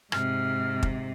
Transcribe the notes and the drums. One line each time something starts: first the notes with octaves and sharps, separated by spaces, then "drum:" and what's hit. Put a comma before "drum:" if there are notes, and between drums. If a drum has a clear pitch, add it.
G#2 C3 F6, drum: rim click
drum: kick